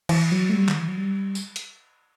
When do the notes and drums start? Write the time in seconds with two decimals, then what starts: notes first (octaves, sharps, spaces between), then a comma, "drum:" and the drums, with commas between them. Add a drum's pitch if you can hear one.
0.09 E3, drum: cymbal
0.32 F#3
0.49 A3
0.54 G3
0.69 D#3, drum: clap
0.79 E3
0.88 F#3
0.98 G3
1.35 drum: tambourine
1.56 drum: hi-hat